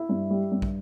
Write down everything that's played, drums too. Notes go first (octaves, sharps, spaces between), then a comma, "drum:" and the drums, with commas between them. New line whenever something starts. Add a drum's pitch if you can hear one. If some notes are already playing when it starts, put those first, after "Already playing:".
Already playing: E4 E5
G2
G3
G2
drum: kick